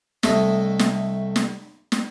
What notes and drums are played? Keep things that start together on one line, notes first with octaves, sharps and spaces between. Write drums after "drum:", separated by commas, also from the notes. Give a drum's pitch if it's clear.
C2 A3 D#5, drum: snare
drum: snare
drum: snare
drum: snare